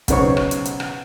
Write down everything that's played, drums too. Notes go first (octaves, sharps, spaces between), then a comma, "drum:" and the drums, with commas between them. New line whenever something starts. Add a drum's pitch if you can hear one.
B1 C#3 B3 C5 C#5 C#6, drum: kick, hi-hat
drum: rim click
drum: hi-hat
drum: hi-hat
drum: rim click